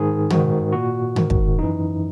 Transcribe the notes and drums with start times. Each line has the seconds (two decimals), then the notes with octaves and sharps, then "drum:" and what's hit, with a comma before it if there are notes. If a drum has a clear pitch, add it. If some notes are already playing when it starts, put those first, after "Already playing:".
Already playing: G#2 D#3 G#4
0.30 G#2 D#3 F#4, drum: tom
0.72 A#2 F#4
1.16 G#2 D#3, drum: tom
1.30 drum: kick
1.58 F#2 E3 D#4